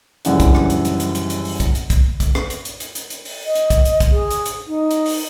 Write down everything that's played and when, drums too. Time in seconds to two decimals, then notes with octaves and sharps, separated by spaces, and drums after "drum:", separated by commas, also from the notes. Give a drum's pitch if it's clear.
0.25 D#1 C#2 F#2 E3 D4 F#5, drum: hi-hat
0.40 drum: kick, hi-hat
0.55 drum: rim click
0.70 drum: hi-hat
0.85 drum: hi-hat
1.00 drum: hi-hat
1.15 drum: hi-hat
1.30 drum: hi-hat
1.45 drum: open hi-hat
1.60 drum: kick, hi-hat
1.75 drum: hi-hat
1.90 drum: kick, hi-hat
2.20 drum: kick, hi-hat
2.35 drum: rim click
2.50 drum: hi-hat
2.65 drum: hi-hat
2.80 drum: hi-hat
2.95 drum: hi-hat
3.10 drum: hi-hat
3.25 drum: open hi-hat
3.45 D#5
3.55 drum: hi-hat
3.70 drum: kick, hi-hat
3.85 drum: hi-hat
4.00 drum: kick, hi-hat
4.11 G#4
4.31 drum: hi-hat
4.46 drum: hi-hat
4.67 D#4
4.91 drum: hi-hat
5.06 drum: open hi-hat